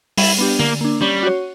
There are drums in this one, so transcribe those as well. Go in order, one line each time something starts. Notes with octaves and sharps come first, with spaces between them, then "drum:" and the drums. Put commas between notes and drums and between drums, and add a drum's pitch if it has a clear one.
G3 E4, drum: open hi-hat
B3 D4 G4
D3 A#3
A#3 D4
G3 C#4
F#4 C#5